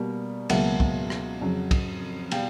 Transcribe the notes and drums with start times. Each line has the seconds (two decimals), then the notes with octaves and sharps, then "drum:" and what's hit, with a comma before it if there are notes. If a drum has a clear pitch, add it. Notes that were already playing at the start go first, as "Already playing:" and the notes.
Already playing: B2 G3 A#3
0.50 C#2 B2 F#3 A#3 E5 F#5, drum: cymbal
0.80 drum: kick
1.10 drum: rim click
1.41 F2 C#3 F#3
1.71 drum: kick, cymbal
2.31 B2 G3 F5 G5, drum: cymbal